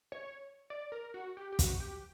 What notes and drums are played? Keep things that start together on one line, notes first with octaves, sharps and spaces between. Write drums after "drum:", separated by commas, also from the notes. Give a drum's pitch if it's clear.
C#5
D5
A#4
F#4
G4
G4
F#4, drum: kick, hi-hat
G4